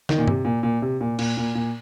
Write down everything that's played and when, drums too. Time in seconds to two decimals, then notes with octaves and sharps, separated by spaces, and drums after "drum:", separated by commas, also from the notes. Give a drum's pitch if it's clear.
0.09 D#3, drum: snare
0.18 A#2
0.28 C3, drum: tom G2
0.45 A#2
0.63 A#2
0.82 C3
1.01 A#2
1.19 A#2, drum: cymbal
1.37 A#2
1.55 A#2